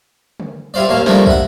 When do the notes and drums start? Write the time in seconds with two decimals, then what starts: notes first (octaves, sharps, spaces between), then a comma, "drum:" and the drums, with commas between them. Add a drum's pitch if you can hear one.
0.40 drum: tom D3
0.74 G3 E4 F4 C5 D5
0.88 A1 D#2 C#4 F5 A5
1.06 C3 F3 G3 A3 A#3 D4, drum: snare
1.26 E4 F#5, drum: kick